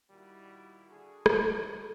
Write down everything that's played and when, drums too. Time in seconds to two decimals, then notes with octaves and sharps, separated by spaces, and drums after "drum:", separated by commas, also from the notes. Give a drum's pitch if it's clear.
0.10 A#2 D#3 G3 E4 F#4
0.87 D3 D4 F#4 G#4
1.26 drum: rim click